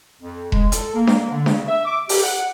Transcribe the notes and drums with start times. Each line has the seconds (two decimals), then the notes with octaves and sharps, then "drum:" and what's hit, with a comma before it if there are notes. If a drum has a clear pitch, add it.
0.21 F2
0.52 G#3, drum: kick E1
0.72 A4, drum: hi-hat
0.94 A#3
1.07 drum: snare D4
1.30 D3
1.46 C#3, drum: snare D4
1.68 E5
1.85 D6
2.09 G4, drum: open hi-hat
2.22 F#5